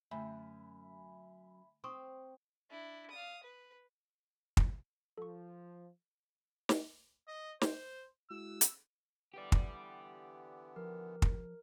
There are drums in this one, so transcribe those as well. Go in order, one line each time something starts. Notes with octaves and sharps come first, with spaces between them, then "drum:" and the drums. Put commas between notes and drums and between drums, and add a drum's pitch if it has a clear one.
F#2 D3 A3 E5 G#5 B5
C4 C6 C#6 D#6
D4 E4
F5 D#6
B4
drum: kick
F3 A4 C#6
drum: snare
D#5
C5, drum: snare
G#3 E4 F#4 E6
drum: hi-hat
D3 E3 B3 G4 D5
drum: kick
F3 A#4
drum: kick